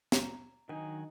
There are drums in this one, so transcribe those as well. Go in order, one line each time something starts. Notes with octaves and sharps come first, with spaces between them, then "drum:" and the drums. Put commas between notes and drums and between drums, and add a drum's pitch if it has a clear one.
A#5, drum: snare
D#3 F#3 D4 D#4 G#5